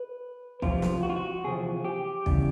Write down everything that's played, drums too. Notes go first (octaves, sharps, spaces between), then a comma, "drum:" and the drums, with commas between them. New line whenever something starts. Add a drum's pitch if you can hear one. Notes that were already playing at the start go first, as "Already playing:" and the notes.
Already playing: B4
F2 C3 F3 F4, drum: kick
drum: snare
F#4
F4
F#4
E2 C3 F3 G#4
G4
E2 C#3 G3, drum: kick